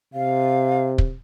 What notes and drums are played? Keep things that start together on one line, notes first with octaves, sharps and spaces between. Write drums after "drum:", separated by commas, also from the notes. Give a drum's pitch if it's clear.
C3 F5
drum: kick